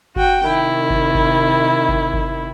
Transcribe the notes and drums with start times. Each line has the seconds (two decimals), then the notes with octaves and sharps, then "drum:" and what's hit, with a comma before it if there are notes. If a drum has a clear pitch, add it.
0.16 F#4 G5, drum: kick G1
0.47 C3 D#3 E4
0.90 drum: kick G1
1.15 drum: kick G1
1.89 drum: kick G1
2.13 drum: kick G1